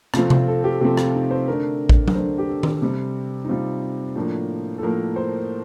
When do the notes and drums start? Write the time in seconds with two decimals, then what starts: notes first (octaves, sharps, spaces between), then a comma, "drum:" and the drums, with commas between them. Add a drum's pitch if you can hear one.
0.14 C3 F3 A3 C4 F4, drum: rim click
0.30 F4, drum: tom C3
0.48 A4
0.64 G4
0.81 C3 F3 A3 C4 G4
0.97 F4, drum: rim click
1.14 D#4
1.31 C5
1.48 D3 A3 D4 A#4
1.89 drum: kick A1
2.08 A#4, drum: tom F#3
2.15 D3 A3 D4 C5
2.38 G4
2.49 A4
2.63 drum: tom D#3
2.82 C3 G3 C4
3.44 D#4
3.49 C3 G3 C4 F4
4.16 A2 F3 A#3 D4
4.78 A4
4.83 A2 F3 A#3 A#4
5.16 C5